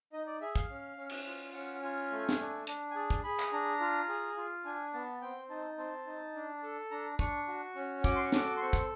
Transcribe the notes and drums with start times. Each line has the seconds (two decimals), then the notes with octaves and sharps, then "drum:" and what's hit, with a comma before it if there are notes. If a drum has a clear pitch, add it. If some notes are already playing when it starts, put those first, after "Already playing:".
0.13 D#4 D#5
0.27 D5
0.41 G#4 E5
0.56 F5, drum: kick
0.69 C#4
0.97 C#4
1.09 drum: cymbal
1.26 F4
1.54 C#4 F#5
1.83 F4 G#5
2.11 A3
2.29 drum: snare
2.40 D4
2.67 D4, drum: hi-hat
2.90 G#5
2.95 G#4 A5
3.10 drum: kick
3.24 G#4 B5
3.39 drum: clap
3.52 D4 A#5
3.80 F4
4.08 G#4
4.37 F4
4.65 D4 G#5
4.94 B3 A5
5.22 C4 G5
5.50 D#4 A5
5.78 C4 A5
6.07 D#4
6.35 D4
6.63 A4
6.91 D4 A#5
7.19 D4 C#6, drum: kick
7.48 F#4
7.76 C#4
8.04 F#4 D6, drum: kick
8.16 C6
8.24 C#6
8.32 A4 D6, drum: snare
8.57 C6
8.60 C4 C#6
8.73 drum: kick